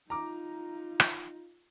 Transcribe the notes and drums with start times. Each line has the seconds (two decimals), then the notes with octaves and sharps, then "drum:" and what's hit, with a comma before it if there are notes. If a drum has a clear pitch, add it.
0.10 D#4 F4 A#5 D6
1.00 drum: rim click